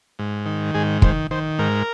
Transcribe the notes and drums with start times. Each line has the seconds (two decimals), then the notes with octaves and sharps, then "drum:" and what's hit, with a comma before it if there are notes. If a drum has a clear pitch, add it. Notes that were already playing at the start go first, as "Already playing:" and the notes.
0.19 G#2
0.46 D#3
0.74 G#2 G#4
1.02 D#3 C5, drum: kick
1.31 D#3 C5
1.59 G#2 A#4